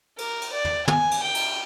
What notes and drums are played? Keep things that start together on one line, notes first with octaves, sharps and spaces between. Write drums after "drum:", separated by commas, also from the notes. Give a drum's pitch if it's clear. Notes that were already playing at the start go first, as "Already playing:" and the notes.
A#4, drum: cymbal
drum: cymbal
D5
drum: tom
G#5, drum: tom
drum: cymbal
G5
drum: cymbal